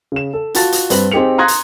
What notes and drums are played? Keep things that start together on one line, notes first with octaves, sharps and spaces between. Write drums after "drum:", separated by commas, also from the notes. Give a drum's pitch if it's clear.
C#3 E7
A4
F4 F#4 A5 A6, drum: hi-hat
drum: hi-hat
G2 C4 B4 F#7, drum: hi-hat
C4 D#4 G4 G#4 C#7 F7
A#5 C6 D#6 F#6 G#6 A#6
drum: hi-hat